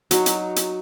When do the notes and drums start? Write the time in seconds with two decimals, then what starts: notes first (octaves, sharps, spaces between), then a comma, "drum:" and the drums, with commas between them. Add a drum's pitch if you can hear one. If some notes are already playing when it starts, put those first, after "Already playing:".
0.11 F#3 D#4, drum: hi-hat
0.26 drum: hi-hat
0.56 drum: hi-hat